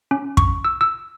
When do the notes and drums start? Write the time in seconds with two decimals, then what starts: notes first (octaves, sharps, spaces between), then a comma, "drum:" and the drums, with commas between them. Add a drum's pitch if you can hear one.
0.11 C#4
0.37 C#6, drum: kick
0.65 E6
0.81 E6